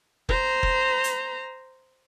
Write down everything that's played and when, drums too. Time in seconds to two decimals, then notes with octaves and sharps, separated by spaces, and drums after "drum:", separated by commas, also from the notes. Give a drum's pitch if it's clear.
0.29 C5 A#5, drum: kick
0.63 drum: kick
1.04 drum: hi-hat